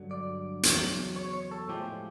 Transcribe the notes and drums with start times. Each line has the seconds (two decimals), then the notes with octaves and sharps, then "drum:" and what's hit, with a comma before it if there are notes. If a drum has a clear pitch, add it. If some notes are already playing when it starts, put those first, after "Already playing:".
Already playing: G2 D3 F#3
0.11 D5
0.63 E2 C#3 F#3, drum: hi-hat
1.16 C#5
1.33 C#5
1.51 A4
1.69 A2 F3 G#3 G4